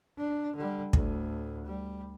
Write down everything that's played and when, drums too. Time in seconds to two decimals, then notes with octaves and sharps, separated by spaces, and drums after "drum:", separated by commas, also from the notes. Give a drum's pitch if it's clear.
0.18 D4
0.56 D3 G3
0.93 D2 A2, drum: kick
1.66 G3